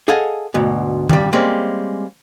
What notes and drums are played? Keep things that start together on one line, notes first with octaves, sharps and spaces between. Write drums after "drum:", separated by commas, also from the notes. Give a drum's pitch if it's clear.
G#4 A4 D#5 F5 F#5 G#5
D2 G#2 B2
G2 G3, drum: tom D#3
G3 G#3 A#3 C4 C#4